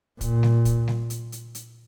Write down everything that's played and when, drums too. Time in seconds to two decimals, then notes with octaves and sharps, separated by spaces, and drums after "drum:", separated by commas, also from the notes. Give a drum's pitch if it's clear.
0.21 A#2, drum: kick, hi-hat
0.43 drum: snare G3
0.65 drum: kick, hi-hat
0.88 drum: snare G3
1.10 drum: hi-hat
1.32 drum: hi-hat
1.55 drum: hi-hat